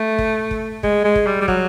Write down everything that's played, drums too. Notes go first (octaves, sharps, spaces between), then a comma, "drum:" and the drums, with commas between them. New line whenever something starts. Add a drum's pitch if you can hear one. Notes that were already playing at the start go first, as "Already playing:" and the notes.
Already playing: A3
drum: kick
drum: kick
G#3, drum: kick
G#3
drum: kick
G3
G3
F#3, drum: kick